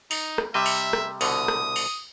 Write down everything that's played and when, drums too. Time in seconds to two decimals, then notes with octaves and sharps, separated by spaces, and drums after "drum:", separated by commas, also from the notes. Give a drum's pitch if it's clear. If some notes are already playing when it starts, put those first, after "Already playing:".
0.11 D#4, drum: open hi-hat
0.38 drum: rim click
0.54 C3 G3 D#5 E5
0.66 drum: open hi-hat
0.93 drum: rim click
1.21 C2 B2 D3 D#6, drum: open hi-hat
1.48 drum: rim click
1.76 drum: open hi-hat